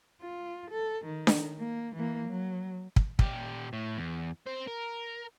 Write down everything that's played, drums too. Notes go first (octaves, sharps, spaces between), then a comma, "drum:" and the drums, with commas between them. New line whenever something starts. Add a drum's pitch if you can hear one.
F4
A4
D#3
drum: snare D4
A#3
E3 A#3
F#3
drum: kick
A#2 G4, drum: kick
A2
E2
C4 C5
A#4